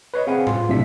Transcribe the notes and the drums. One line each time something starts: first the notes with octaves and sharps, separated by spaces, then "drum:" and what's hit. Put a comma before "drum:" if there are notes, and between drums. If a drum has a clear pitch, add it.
B4 C#5 D#5
C4 G#4 F5 F#5 G#5
F4, drum: tom A2
B1 A2 C3 D4 E5 B6